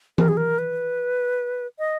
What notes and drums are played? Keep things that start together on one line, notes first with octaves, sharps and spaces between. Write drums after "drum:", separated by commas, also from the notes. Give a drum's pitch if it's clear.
A#4, drum: tom E3
G#4
A#4
B4
D#5